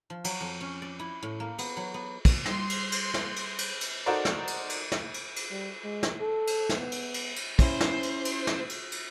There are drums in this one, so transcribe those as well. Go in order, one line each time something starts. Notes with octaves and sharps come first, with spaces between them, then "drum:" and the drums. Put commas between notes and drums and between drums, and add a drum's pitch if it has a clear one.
F3
F#3, drum: cymbal
F2
C#4
D5
E4
A2
A#3
B3, drum: cymbal
F#3
B3
drum: kick, cymbal
G3 C6, drum: snare
drum: cymbal
drum: cymbal
drum: snare
drum: cymbal
drum: cymbal
drum: cymbal
D#4 F#4 A4 A#4 C5 D5
drum: snare
drum: cymbal
drum: cymbal
drum: snare
drum: cymbal
drum: cymbal
G3
G#3
drum: snare
A4
drum: cymbal
drum: snare
B3
drum: cymbal
drum: cymbal
drum: cymbal
C#4 E4 C5, drum: kick, cymbal
drum: snare
drum: cymbal
drum: cymbal
drum: snare
drum: cymbal
drum: cymbal